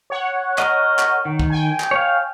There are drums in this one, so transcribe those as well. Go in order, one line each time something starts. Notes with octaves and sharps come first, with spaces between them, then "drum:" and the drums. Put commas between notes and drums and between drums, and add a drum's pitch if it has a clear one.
C#5 F#5
A#4 D#5, drum: clap
drum: clap
D#3
drum: kick
G5 G#5
drum: clap
C#5 F5